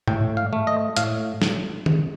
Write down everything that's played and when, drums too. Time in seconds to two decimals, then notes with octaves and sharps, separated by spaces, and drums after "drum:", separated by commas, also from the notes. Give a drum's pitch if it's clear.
0.08 A2 G5, drum: tom G#2
0.37 F5
0.53 A3
0.67 D#5
0.97 A2 F5, drum: hi-hat
1.42 drum: snare
1.86 drum: tom D#3